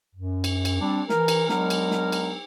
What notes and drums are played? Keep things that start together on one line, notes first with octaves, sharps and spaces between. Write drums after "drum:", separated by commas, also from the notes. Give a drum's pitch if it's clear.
F#2
drum: cymbal
drum: cymbal
G3 C4 D4
E3 A#4, drum: snare
drum: cymbal
F#3 G#3 B3 D4 A#4, drum: snare
drum: cymbal
drum: snare
drum: cymbal